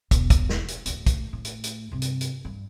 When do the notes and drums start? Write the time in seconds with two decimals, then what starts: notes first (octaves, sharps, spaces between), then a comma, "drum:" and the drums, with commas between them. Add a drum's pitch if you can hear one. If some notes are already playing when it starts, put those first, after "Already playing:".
0.11 E1 B2, drum: kick, hi-hat
0.30 drum: kick, hi-hat
0.49 drum: snare
0.68 drum: hi-hat
0.86 D2 A2, drum: hi-hat
1.06 drum: kick, hi-hat
1.33 A2
1.45 drum: hi-hat
1.64 drum: hi-hat
1.92 G2 C3
2.02 drum: hi-hat
2.21 drum: hi-hat
2.45 G2